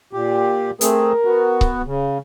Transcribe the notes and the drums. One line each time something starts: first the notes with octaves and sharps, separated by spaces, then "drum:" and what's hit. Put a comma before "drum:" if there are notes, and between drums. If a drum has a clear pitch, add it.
A#2 G4
A3 C4 G#4 A#4, drum: hi-hat
B3 F#4
drum: kick C#1
C#3